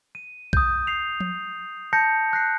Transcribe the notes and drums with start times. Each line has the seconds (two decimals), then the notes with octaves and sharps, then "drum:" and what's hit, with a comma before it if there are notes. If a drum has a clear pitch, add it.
0.15 D#7
0.53 D#6 G6, drum: kick
0.87 C7 F7
1.20 drum: tom F3
1.93 A5 G6 A#6 C#7
2.33 F#6 A#6 C7